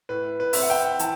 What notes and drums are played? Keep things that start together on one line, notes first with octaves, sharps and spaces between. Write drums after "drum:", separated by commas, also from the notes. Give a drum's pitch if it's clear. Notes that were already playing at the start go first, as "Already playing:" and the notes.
A2 B4
B4
C4 E5, drum: open hi-hat
F#5
G5
E3 A5, drum: hi-hat